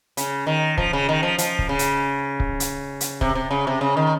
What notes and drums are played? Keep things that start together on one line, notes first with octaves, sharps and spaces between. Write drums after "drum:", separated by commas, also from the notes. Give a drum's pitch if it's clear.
C#3, drum: hi-hat
D#3
F3, drum: kick C#1
C#3
D#3
F3
F3, drum: hi-hat
drum: kick C#1
C#3
drum: hi-hat
drum: kick C#1
drum: hi-hat
drum: hi-hat
C3, drum: kick C#1
C3
C#3
C3
C#3
D#3